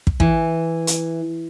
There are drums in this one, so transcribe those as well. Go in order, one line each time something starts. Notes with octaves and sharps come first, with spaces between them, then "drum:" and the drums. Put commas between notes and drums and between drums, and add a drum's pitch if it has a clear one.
drum: kick
E3, drum: kick
drum: hi-hat